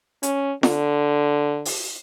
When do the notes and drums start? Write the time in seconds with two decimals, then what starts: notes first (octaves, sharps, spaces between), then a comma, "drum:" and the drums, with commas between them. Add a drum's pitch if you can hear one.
0.23 C#4, drum: hi-hat
0.63 D3, drum: snare F4
1.65 drum: open hi-hat